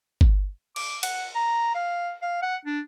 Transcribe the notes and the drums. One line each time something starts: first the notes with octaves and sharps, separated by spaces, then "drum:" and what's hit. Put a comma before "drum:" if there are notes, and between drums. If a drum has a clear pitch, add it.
drum: kick G1
D6, drum: cymbal
F#5, drum: cymbal
A#5
F5
F5
F#5
D4